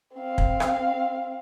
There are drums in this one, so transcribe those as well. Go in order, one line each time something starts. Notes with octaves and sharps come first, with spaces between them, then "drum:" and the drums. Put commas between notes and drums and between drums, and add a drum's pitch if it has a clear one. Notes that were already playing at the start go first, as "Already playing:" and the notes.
C4 F5
drum: kick
drum: rim click